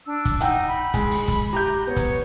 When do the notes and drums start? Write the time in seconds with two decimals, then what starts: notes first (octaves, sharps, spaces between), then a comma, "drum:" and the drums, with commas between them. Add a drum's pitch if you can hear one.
0.05 D4 E6
0.25 drum: kick, hi-hat
0.41 D#4 F#5 G5 E6, drum: hi-hat
0.68 B5
0.94 G#3, drum: kick, hi-hat
1.11 drum: open hi-hat
1.28 drum: kick, hi-hat
1.53 G4 A#5 G6
1.87 B3 C#5
1.96 drum: kick, hi-hat